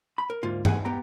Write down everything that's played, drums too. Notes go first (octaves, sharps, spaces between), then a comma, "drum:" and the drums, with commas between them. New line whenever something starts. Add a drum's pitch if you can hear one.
B5
A#4
D2 G#2 A#3 F4
G#4 F#5 G#5, drum: tom G2
B3 G4 G5 A#5